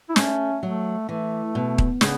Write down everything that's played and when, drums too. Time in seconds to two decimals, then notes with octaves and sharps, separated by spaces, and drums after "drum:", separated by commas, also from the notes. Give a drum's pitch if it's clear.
0.09 E4
0.16 A3 C#4, drum: snare
0.63 F#3 A3
1.09 E3 A3
1.55 B2
1.78 drum: kick D#1
2.01 C#3 B3, drum: snare